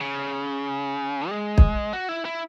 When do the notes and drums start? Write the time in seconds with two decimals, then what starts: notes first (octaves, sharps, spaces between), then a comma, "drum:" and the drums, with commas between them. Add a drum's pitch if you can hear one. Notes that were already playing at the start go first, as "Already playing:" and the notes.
0.01 C#3
1.29 G#3
1.58 drum: kick
1.93 F#4
2.09 E4
2.25 E4